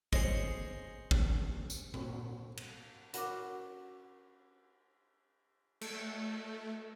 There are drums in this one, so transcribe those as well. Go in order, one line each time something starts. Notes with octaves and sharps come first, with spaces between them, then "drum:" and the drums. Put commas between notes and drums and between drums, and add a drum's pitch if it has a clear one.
G#4 C5 C#5 D#5, drum: kick
drum: kick
drum: tambourine
drum: tom A#2
drum: cymbal
C#4 F#4 A#4 B4 D6, drum: hi-hat
A3, drum: cymbal